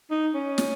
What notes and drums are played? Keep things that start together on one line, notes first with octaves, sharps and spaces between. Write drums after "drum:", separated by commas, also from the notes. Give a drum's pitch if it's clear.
D#4
C#4
drum: snare